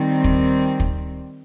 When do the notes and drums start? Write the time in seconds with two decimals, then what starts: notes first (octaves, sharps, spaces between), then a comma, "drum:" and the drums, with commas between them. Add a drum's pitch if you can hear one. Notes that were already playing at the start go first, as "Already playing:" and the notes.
Already playing: D#3 G3 C4
0.24 drum: kick
0.80 drum: kick